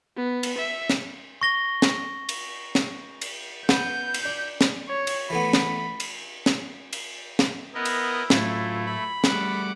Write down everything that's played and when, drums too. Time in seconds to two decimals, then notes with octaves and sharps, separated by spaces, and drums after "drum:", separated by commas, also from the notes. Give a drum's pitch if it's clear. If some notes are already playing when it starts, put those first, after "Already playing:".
0.16 B3
0.43 drum: cymbal
0.58 E5
0.90 drum: snare
1.41 C#6 A#6 G7
1.82 drum: snare
2.29 drum: cymbal
2.75 drum: snare
3.21 drum: cymbal
3.69 B3 B4 G6, drum: snare
4.14 drum: cymbal
4.25 D4
4.61 drum: snare
4.89 C#5
5.07 drum: cymbal
5.30 E3 A3 B3 B5
5.53 drum: snare
6.00 drum: cymbal
6.46 drum: snare
6.93 drum: cymbal
7.39 drum: snare
7.75 B3 E4 A#4 D#5
7.85 drum: cymbal
8.30 A2 F#3 A3 F4, drum: snare
8.87 B5
9.24 G3 A3 F#5 D6, drum: snare